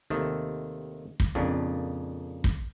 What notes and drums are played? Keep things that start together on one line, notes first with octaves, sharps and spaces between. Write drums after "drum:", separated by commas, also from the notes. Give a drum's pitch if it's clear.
D#2 C3 D#3 A3
drum: kick
F2 A#2 C#3 D4
drum: kick